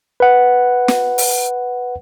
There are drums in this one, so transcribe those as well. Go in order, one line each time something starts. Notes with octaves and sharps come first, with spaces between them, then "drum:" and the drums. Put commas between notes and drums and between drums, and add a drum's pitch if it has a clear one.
B4 F#5
drum: snare
drum: open hi-hat